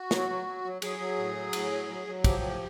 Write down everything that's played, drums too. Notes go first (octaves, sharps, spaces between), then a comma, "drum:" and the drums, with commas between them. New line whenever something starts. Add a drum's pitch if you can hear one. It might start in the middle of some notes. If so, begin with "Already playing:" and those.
Already playing: F#4
F#3, drum: snare
F#3
F#3
F#3
F#3 G#4, drum: cymbal
F#3
A2
F#3
A2, drum: cymbal
F#3
F#3
F#3
F3 G4, drum: kick, cymbal
A2